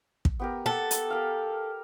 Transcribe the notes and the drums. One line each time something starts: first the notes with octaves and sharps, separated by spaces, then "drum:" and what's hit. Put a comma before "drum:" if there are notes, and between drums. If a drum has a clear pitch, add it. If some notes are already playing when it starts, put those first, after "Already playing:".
drum: kick
B3 G4 A#4
G4 A4 F#5
drum: hi-hat
G4 A#4 F5